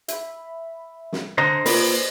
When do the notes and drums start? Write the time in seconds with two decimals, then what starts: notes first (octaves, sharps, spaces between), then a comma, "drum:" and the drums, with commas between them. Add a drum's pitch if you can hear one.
0.08 E5 B5, drum: hi-hat
1.13 drum: snare
1.38 D3 C5 D#5 A#5
1.66 A#3 F4 B4 D5, drum: open hi-hat